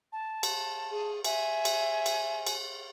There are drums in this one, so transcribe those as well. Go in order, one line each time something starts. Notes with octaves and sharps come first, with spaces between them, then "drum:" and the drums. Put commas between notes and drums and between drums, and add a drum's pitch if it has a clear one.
A5
drum: cymbal
G#4
E5 G#5, drum: cymbal
drum: cymbal
drum: cymbal
drum: cymbal